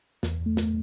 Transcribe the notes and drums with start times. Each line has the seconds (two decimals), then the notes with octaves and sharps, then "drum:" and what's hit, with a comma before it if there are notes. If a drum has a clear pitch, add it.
0.23 E2, drum: snare
0.46 A3
0.57 drum: snare